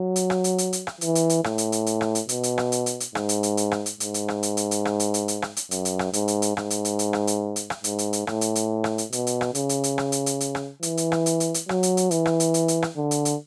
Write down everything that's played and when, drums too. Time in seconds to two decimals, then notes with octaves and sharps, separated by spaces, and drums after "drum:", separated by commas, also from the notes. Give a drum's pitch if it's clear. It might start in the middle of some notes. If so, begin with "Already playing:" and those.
Already playing: F#3
0.16 drum: hi-hat
0.30 drum: rim click
0.44 drum: hi-hat
0.58 drum: hi-hat
0.73 drum: hi-hat
0.87 drum: rim click
1.01 E3, drum: hi-hat
1.15 drum: hi-hat
1.30 drum: hi-hat
1.44 A2, drum: rim click
1.58 drum: hi-hat
1.72 drum: hi-hat
1.86 drum: hi-hat
2.01 drum: rim click
2.15 drum: hi-hat
2.29 B2, drum: hi-hat
2.43 drum: hi-hat
2.58 drum: rim click
2.72 drum: hi-hat
2.86 drum: hi-hat
3.00 drum: hi-hat
3.15 G#2, drum: rim click
3.29 drum: hi-hat
3.43 drum: hi-hat
3.57 drum: hi-hat
3.72 drum: rim click
3.86 drum: hi-hat
4.00 G#2, drum: hi-hat
4.14 drum: hi-hat
4.28 drum: rim click
4.43 drum: hi-hat
4.57 drum: hi-hat
4.71 drum: hi-hat
4.85 drum: rim click
5.00 drum: hi-hat
5.14 drum: hi-hat
5.28 drum: hi-hat
5.42 drum: rim click
5.57 drum: hi-hat
5.71 F#2, drum: hi-hat
5.85 drum: hi-hat
5.99 drum: rim click
6.13 G#2, drum: hi-hat
6.28 drum: hi-hat
6.42 drum: hi-hat
6.57 G#2, drum: rim click
6.70 drum: hi-hat
6.85 drum: hi-hat
6.99 drum: hi-hat
7.13 drum: rim click
7.27 drum: hi-hat
7.56 drum: hi-hat
7.70 drum: rim click
7.84 G#2, drum: hi-hat
7.99 drum: hi-hat
8.13 drum: hi-hat
8.27 A2, drum: rim click
8.41 drum: hi-hat
8.55 drum: hi-hat
8.84 drum: rim click
8.98 drum: hi-hat
9.12 B2, drum: hi-hat
9.27 drum: hi-hat
9.41 drum: rim click
9.55 C#3, drum: hi-hat
9.69 drum: hi-hat
9.84 drum: hi-hat
9.98 drum: rim click
10.12 drum: hi-hat
10.26 drum: hi-hat
10.40 drum: hi-hat
10.55 drum: rim click
10.83 E3, drum: hi-hat
10.97 drum: hi-hat
11.12 drum: rim click
11.26 drum: hi-hat
11.40 drum: hi-hat
11.54 drum: hi-hat
11.69 F#3, drum: rim click
11.83 drum: hi-hat
11.97 drum: hi-hat
12.11 E3, drum: hi-hat
12.26 drum: rim click
12.40 drum: hi-hat
12.54 drum: hi-hat
12.68 drum: hi-hat
12.82 drum: rim click
12.97 D3
13.11 drum: hi-hat
13.25 drum: hi-hat